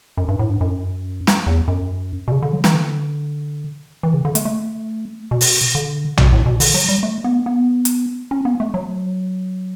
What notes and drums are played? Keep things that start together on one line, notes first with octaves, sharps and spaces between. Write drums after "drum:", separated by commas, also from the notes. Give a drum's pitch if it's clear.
F#2
G2
A2
G2
F#2
drum: snare
E2
F#2
B2
C#3
D3
F#3
E3, drum: snare
D3
E3
C#3
D3
A3, drum: hi-hat
A3
B2
drum: open hi-hat
D3
B2, drum: tom A#1
A2
B2
D3, drum: open hi-hat
F#3
G3
A3
B3
B3
drum: hi-hat
C#4
B3
A3
F#3